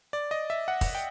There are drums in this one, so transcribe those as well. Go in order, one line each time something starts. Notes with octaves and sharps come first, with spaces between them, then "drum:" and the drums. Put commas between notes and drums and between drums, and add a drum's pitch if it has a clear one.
D5
D#5
E5
F#5
drum: kick, open hi-hat
G5